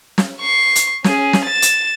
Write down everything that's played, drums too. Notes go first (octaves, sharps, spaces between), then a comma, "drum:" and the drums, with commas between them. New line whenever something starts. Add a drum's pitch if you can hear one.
drum: snare
C#6 C7
drum: hi-hat
C#4 G#4, drum: snare
drum: snare
A6 E7
drum: hi-hat